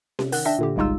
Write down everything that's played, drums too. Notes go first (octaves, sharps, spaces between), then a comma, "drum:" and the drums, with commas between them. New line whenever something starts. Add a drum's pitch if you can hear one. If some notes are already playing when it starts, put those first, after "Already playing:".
C3, drum: snare C#4
D#3 F#5 F#6, drum: open hi-hat
D4 E5 G5 A#6
A#2 D3 G4
G1 C2 G#3 D#4 F4 E6